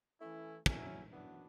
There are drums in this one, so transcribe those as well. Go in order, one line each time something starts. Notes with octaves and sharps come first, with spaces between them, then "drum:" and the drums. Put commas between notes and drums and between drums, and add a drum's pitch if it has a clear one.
E3 A3 C#4 E4
C#3 F#3 C#4 E4, drum: kick
F#2 E3 B3 D4 F#4